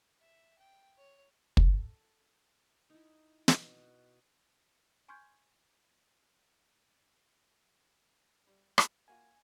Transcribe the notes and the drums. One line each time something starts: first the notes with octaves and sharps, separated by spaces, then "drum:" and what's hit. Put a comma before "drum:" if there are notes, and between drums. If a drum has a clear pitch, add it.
E5
G5
C#5
A4, drum: kick
D#4 E4
B2, drum: snare
G#5 C6 C#6 F6 G6 G#6
G3
drum: rim click
A#3 F4 F#4 G#5